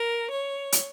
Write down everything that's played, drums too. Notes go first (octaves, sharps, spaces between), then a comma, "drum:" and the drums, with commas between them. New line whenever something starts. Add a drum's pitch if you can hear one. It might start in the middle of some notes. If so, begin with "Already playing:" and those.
Already playing: A#4
C#5
drum: hi-hat